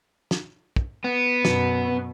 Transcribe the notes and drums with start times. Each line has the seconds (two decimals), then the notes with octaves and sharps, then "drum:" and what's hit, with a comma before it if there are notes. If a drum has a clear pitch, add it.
0.31 drum: snare
0.76 drum: kick
1.04 B3
1.45 F#2 B2, drum: snare